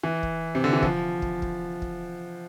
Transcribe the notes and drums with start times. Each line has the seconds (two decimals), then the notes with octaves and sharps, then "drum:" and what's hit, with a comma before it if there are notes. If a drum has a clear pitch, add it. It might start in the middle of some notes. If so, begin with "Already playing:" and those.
0.03 E3
0.23 drum: kick
0.55 C3
0.64 D3
0.73 E3
0.83 F3, drum: kick
1.22 drum: kick
1.42 drum: kick
1.82 drum: kick